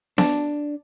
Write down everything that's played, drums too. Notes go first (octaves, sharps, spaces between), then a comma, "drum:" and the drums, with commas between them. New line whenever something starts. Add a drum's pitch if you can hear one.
D4, drum: snare B3